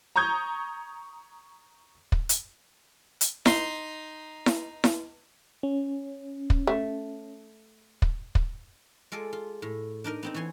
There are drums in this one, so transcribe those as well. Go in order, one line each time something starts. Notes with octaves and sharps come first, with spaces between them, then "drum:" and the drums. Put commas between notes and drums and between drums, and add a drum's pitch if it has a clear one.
A#5 C#6 D#6 G6 G#6
drum: kick
drum: hi-hat
drum: hi-hat
D#4 C6, drum: snare E4
drum: snare E4
drum: snare E4
C#4
drum: kick
A3
drum: kick
drum: kick
G#3 F4 A4 D5
F4
A2
D4 D#4 A#4 D#5
B3 C4 D#4
E3 C#5 G#5 C6